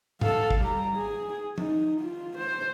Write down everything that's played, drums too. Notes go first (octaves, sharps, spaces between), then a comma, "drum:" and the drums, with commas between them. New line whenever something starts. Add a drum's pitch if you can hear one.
A4 F5, drum: tom G#2
drum: kick G#1
G3 A#5
G#4
D#4, drum: tom F3
F4
C5